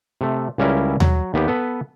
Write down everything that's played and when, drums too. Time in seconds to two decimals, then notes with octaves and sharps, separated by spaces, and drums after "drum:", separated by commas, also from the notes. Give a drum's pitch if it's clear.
0.21 C3 A3
0.58 C#2 G3 C#4 E4 A#4
1.00 F#3, drum: tom D#2
1.34 D#2 B3 G4
1.48 B3 A4 B4